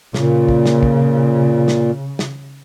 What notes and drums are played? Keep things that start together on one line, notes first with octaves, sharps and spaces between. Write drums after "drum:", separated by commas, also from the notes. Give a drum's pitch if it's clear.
A#2 C#3, drum: snare
drum: kick
drum: snare
drum: kick
drum: snare
drum: snare